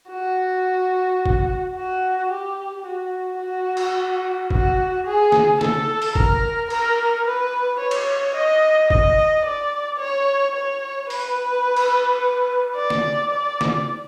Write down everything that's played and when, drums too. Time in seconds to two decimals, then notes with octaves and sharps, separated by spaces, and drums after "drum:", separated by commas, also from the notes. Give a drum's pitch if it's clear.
0.11 F#4
1.26 drum: kick
1.76 F#4
2.31 G4
2.86 F#4
3.40 F#4
3.77 drum: cymbal
4.51 F#4, drum: kick
5.06 G#4
5.32 drum: snare
5.61 A4, drum: snare
6.02 drum: open hi-hat
6.15 A#4, drum: kick
6.70 A#4, drum: cymbal
7.25 B4
7.80 C#5
7.91 drum: cymbal
8.35 D#5
8.90 D#5, drum: kick
9.45 D5
10.00 C#5
10.55 C#5
11.10 B4, drum: open hi-hat
11.76 drum: cymbal
12.75 D5
12.90 drum: snare
13.30 D5
13.61 drum: snare